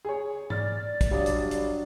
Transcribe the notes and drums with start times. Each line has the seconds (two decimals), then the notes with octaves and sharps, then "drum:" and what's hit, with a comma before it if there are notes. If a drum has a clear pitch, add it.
0.05 G#4 C#5
0.50 D5 F6 A6, drum: tom G#2
1.01 drum: kick, hi-hat
1.11 G2 F#3 D4 G4 C#5 D#5
1.26 drum: hi-hat
1.51 drum: hi-hat